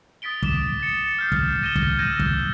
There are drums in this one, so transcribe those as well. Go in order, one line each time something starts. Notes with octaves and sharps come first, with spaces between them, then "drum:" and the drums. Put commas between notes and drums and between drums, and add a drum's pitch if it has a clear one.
D#6 A6 B6 D7 G7
D6 E7, drum: kick
A6 C#7
F6 G6 C7
drum: kick
G#6 A#6 D#7 E7 G7
drum: kick
E6 G6 G#6 A#6 D#7
drum: kick